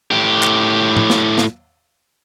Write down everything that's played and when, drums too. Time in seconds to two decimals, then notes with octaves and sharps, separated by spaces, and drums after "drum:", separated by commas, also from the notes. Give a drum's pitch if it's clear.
0.11 A2 G4
0.43 drum: clap
0.97 drum: tom A2
1.10 drum: snare
1.38 drum: snare